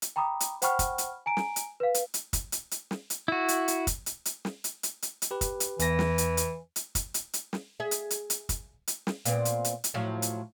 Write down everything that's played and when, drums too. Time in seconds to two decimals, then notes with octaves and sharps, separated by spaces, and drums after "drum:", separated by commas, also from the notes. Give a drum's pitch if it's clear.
0.02 drum: hi-hat
0.16 G5 A#5 B5 D6 D#6
0.40 drum: hi-hat
0.62 C5 F#5 G5 B5 C#6 F6, drum: hi-hat
0.79 drum: kick, hi-hat
0.98 drum: hi-hat
1.26 G#5 A#5 D7
1.37 drum: snare
1.56 drum: hi-hat
1.80 B4 F5
1.94 drum: hi-hat
2.14 drum: hi-hat
2.33 drum: kick, hi-hat
2.52 drum: hi-hat
2.71 drum: hi-hat
2.91 drum: snare
3.10 drum: hi-hat
3.28 E4 F#4
3.48 drum: hi-hat
3.68 drum: hi-hat
3.87 drum: kick, hi-hat
4.06 drum: hi-hat
4.25 drum: hi-hat
4.45 drum: snare
4.64 drum: hi-hat
4.83 drum: hi-hat
5.02 drum: hi-hat
5.22 drum: hi-hat
5.31 G4 B4
5.41 drum: kick, hi-hat
5.60 drum: hi-hat
5.79 E2 E3 A#6, drum: hi-hat
5.99 drum: snare
6.18 drum: hi-hat
6.37 drum: hi-hat
6.76 drum: hi-hat
6.95 drum: kick, hi-hat
7.14 drum: hi-hat
7.33 drum: hi-hat
7.53 drum: snare
7.80 G#4 E5
7.91 drum: hi-hat
8.10 drum: hi-hat
8.30 drum: hi-hat
8.49 drum: kick, hi-hat
8.87 drum: hi-hat
9.07 drum: snare
9.25 A#2 B3 C4, drum: hi-hat
9.45 drum: hi-hat
9.64 drum: hi-hat
9.84 drum: hi-hat
9.94 A2 F3 F#3
10.22 drum: hi-hat